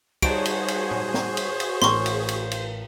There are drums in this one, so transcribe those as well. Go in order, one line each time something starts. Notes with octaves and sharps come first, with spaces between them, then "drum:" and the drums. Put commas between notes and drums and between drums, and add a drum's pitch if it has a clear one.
G3 D#4 F#4 G#4 C5 C#5 A5 D7, drum: kick, cymbal
drum: cymbal
drum: cymbal
drum: tom A2
drum: snare
drum: cymbal
drum: cymbal
A1 A2 A#4 C6 C#6, drum: snare
drum: cymbal
drum: cymbal
drum: cymbal